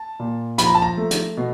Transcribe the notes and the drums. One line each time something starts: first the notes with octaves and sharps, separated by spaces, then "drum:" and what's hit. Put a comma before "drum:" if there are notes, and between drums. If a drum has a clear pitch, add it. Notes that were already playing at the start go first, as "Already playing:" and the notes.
Already playing: A5
A#2
F3 B5, drum: hi-hat
A#5
A5
A#5
A3
drum: hi-hat
B2